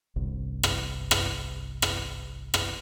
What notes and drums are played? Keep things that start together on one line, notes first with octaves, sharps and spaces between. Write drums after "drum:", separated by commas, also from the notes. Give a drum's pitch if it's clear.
G1 C2
drum: rim click
drum: rim click
drum: rim click
drum: rim click